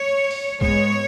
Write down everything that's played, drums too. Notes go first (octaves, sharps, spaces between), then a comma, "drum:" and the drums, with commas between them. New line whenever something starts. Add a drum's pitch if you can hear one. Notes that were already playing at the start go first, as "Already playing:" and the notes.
Already playing: C#5
drum: open hi-hat
G#2 G#3 B3 C#5, drum: kick B1